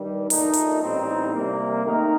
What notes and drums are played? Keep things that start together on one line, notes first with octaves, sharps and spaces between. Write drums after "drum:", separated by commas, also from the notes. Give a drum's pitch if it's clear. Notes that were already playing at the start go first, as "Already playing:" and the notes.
Already playing: G2 D#3 G3
A#1 A#2 A3 D#4, drum: open hi-hat
drum: hi-hat
A1 A2 G3 C4 D#4
C3 G3 A#3
D#3 A3 D#4 A#4